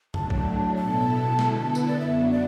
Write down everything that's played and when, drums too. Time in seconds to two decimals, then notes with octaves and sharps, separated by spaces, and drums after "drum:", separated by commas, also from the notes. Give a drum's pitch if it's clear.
0.14 A2 F#3 A3 D4 A5, drum: tom F2
0.30 drum: kick
0.76 B2 B3 E4 A4 A5
1.39 D3 B3 E4 A4, drum: snare
1.75 B4, drum: tambourine
1.88 D5
2.00 F#2 F#3 B3 D4 E5
2.32 D5